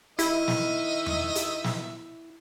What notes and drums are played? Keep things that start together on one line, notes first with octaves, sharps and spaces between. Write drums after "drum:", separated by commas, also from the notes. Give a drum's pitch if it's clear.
D#3 E4 D#5 E5, drum: hi-hat
drum: snare
drum: tom E2
drum: hi-hat
drum: snare